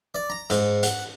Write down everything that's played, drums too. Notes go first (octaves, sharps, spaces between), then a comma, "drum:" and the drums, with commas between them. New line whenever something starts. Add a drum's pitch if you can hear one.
D5
A#5
G#2, drum: hi-hat
F#5, drum: hi-hat